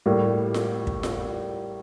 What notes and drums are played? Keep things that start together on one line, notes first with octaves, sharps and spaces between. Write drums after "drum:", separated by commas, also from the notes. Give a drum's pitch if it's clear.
A2 G3 A#3
drum: snare F4
drum: kick
drum: snare F4